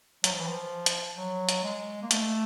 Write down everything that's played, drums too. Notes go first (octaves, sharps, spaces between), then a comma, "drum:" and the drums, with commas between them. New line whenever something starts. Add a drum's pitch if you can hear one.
F#3, drum: hi-hat
F3
E3
F3
drum: hi-hat
F#3
drum: hi-hat
G#3
A#3
A3, drum: hi-hat